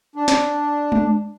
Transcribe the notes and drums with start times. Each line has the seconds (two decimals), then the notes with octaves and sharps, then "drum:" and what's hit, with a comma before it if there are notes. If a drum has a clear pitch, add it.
0.16 D4
0.28 drum: snare
0.92 drum: tom G#3